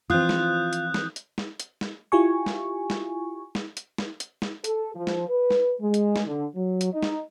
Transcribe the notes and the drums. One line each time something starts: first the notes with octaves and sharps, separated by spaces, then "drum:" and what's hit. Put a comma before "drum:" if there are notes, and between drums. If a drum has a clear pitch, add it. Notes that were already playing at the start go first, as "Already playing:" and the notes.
E3 F3 C4 F4 D#6 F#6 G6
drum: snare
drum: hi-hat
drum: snare
drum: hi-hat
drum: snare
drum: hi-hat
drum: snare
E4 F4 G4 G#5 C#6
drum: snare
drum: snare
drum: snare
drum: hi-hat
drum: snare
drum: hi-hat
drum: snare
A4, drum: hi-hat
F3
drum: snare
B4
drum: snare
G#3
drum: hi-hat
drum: snare
D3
F#3
drum: hi-hat
D#4
drum: snare